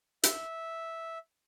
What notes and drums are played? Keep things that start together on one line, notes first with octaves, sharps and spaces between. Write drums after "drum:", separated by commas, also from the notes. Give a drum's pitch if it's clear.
E5, drum: hi-hat